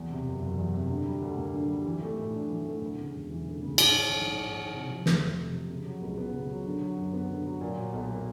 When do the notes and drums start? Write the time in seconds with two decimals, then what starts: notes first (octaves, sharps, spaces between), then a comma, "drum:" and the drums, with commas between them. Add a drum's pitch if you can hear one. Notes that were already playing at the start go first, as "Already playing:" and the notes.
Already playing: E2
0.10 C3
0.26 F#1
0.42 F#1
0.58 E2
0.74 C3
0.90 D3
1.06 G3
1.22 D2
1.38 A#3
1.54 D3
1.70 G3
1.86 E3
2.02 A3
2.18 A2
2.33 D4
2.50 E3
2.66 A3
2.82 D2
2.98 C#3
3.14 E1
3.30 E3
3.46 D2
3.62 C#3
3.78 G#2, drum: cymbal
3.94 D#3
4.10 A#1
4.25 A#1
4.41 G#2
4.58 D#3
4.73 C3
4.90 F3
5.06 F2, drum: snare
5.22 A3
5.38 C3
5.53 F3
5.70 C#3
5.85 F#3
6.02 C#2
6.18 B3
6.33 C#3
6.50 F#3
6.65 D3
6.82 F#3
6.98 F#2
7.13 B3
7.30 D3
7.46 F#3
7.61 A#2
7.78 F#3
7.93 B1
8.10 A#3